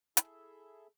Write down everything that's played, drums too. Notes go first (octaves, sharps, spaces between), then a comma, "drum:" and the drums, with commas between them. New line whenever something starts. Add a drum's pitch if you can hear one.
E4 G#4 A4 E5, drum: hi-hat